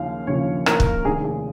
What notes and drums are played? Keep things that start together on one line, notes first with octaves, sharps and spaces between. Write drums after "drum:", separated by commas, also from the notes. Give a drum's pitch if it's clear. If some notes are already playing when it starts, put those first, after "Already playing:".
Already playing: D#2 C#3 F3 F5
D#2 C#3 F3 C#5
A#4, drum: rim click
drum: kick
F1 D#2 D#3 G#4
G#4